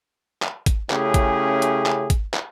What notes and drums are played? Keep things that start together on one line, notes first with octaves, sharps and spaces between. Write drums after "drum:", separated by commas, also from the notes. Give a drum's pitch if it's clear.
drum: clap
drum: kick, hi-hat
C#3 A3 C#4 E4 G4 G#4, drum: clap
drum: kick, hi-hat
drum: hi-hat
drum: clap
drum: kick, hi-hat
drum: clap